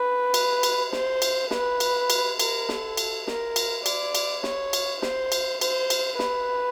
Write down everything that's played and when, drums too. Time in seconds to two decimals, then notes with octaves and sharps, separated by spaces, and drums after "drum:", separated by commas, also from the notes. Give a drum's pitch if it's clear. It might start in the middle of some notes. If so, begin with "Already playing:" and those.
Already playing: B4
0.34 drum: cymbal
0.63 drum: cymbal
0.93 C5, drum: snare
1.22 drum: cymbal
1.51 B4, drum: snare
1.80 drum: cymbal
2.10 drum: cymbal
2.40 A#4, drum: cymbal
2.69 A4, drum: snare
2.97 drum: cymbal
3.27 A#4, drum: snare
3.56 drum: cymbal
3.86 D5, drum: cymbal
4.15 drum: cymbal
4.43 C#5, drum: snare
4.73 drum: cymbal
5.02 C5, drum: snare
5.32 drum: cymbal
5.61 C5, drum: cymbal
5.90 drum: cymbal
6.19 B4, drum: snare